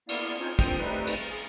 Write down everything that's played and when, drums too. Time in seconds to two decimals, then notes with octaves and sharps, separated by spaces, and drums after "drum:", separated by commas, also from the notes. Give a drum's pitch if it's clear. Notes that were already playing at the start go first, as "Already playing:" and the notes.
0.09 A#3 B3 E4 D5 F5, drum: cymbal
0.40 C4 C#4 D#4 F4 C5 C#5
0.59 G2 A#2 C4 C5 G5 D#6, drum: kick, cymbal
0.78 G3 A3 C4 D#4 B4
1.07 drum: cymbal
1.28 G#4